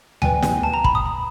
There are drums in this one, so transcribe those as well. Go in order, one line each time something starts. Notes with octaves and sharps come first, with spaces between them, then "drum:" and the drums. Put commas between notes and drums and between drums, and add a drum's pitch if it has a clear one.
B4 D5 G5 G#5, drum: tom D2
drum: snare
A5
A#5
B5, drum: kick
D#6
B5